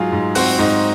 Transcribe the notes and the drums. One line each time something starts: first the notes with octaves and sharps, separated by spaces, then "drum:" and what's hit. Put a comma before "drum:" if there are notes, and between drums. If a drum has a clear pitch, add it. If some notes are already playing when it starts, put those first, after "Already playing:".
Already playing: G#2 F#3 F4 G#4
G#2
C4 F#4, drum: open hi-hat
G#2 D#4